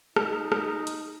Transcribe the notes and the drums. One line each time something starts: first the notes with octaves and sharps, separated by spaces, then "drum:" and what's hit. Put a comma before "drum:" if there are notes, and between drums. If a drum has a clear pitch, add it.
D#4, drum: rim click
drum: rim click
drum: hi-hat